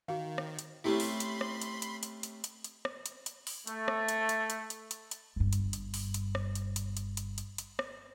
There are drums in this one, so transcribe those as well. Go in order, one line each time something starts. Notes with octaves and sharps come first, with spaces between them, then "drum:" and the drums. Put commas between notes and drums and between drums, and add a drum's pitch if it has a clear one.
D#3 F#4 F5
drum: rim click
drum: hi-hat
C3 A3 C#4 E4 G4 B5 C6
drum: open hi-hat
drum: hi-hat
drum: rim click
drum: hi-hat
drum: hi-hat
drum: hi-hat
drum: hi-hat
drum: hi-hat
drum: hi-hat
drum: rim click
drum: hi-hat
drum: hi-hat
drum: open hi-hat
A3, drum: hi-hat
drum: rim click
drum: hi-hat
drum: hi-hat
drum: hi-hat
drum: hi-hat
drum: hi-hat
drum: hi-hat
G1 G2
drum: hi-hat
drum: hi-hat
drum: open hi-hat
drum: hi-hat
drum: rim click
drum: hi-hat
drum: hi-hat
drum: hi-hat
drum: hi-hat
drum: hi-hat
drum: hi-hat
drum: rim click